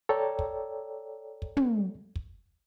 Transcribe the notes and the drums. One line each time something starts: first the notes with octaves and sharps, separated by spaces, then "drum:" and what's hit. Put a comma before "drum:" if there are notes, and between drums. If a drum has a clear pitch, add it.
A4 C#5 D5 G5 A#5
drum: kick
drum: kick
drum: tom
drum: kick